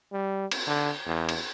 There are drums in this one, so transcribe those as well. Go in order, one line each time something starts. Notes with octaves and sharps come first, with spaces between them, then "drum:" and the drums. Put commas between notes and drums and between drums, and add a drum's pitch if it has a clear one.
G3
drum: cymbal
D3
E2
drum: cymbal